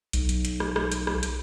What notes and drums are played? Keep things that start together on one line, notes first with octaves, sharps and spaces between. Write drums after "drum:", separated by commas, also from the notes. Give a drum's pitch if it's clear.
B1, drum: hi-hat
drum: hi-hat
drum: hi-hat
drum: rim click
drum: rim click
drum: hi-hat
drum: rim click
drum: hi-hat